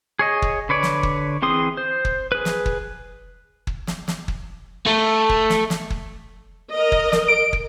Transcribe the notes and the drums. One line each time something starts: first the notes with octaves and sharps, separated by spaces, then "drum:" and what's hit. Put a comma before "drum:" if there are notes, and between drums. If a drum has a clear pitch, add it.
G#4 C#5 D#5
drum: kick
D3 B4 C#5 D5
drum: snare
drum: kick
E3 C4 G#4 C6 D#6
C5
drum: kick
G#4 B4
drum: snare
drum: kick
drum: kick
drum: snare
drum: snare
drum: kick
A3
drum: kick
drum: snare
drum: snare
drum: kick
A#4 D#5
drum: kick
drum: snare
D7
drum: kick